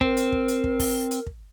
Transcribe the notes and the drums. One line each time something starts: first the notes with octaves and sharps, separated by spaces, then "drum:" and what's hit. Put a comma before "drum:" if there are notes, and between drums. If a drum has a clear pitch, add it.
C4 A#4, drum: kick
drum: hi-hat
drum: kick
drum: hi-hat
drum: kick
drum: kick, open hi-hat
drum: hi-hat
drum: kick